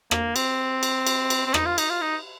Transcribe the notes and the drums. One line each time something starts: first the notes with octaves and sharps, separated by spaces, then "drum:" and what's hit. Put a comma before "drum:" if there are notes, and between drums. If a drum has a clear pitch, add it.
A#3, drum: rim click
C4, drum: cymbal
drum: cymbal
drum: cymbal
drum: cymbal
C4
D#4, drum: rim click
F4
D#4, drum: cymbal
F4
D#4